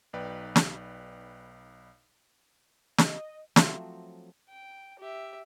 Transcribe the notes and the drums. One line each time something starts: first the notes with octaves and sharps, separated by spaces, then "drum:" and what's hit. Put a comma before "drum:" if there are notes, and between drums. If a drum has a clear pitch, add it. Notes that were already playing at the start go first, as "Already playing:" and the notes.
B1 D#4 B4 D5 G5
drum: snare
D#5, drum: snare
F3 F#3 A3 C4, drum: snare
G5
G4 E5